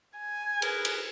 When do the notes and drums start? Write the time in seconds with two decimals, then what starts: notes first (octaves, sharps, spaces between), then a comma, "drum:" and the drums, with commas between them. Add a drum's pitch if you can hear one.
0.18 G#5
0.62 G#4 A#4 B4, drum: cymbal
0.85 drum: cymbal